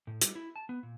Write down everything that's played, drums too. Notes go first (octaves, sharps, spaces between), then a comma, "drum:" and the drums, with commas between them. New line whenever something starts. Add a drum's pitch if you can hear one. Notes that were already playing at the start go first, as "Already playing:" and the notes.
A2
G3, drum: hi-hat
E4
A5
B3
A#2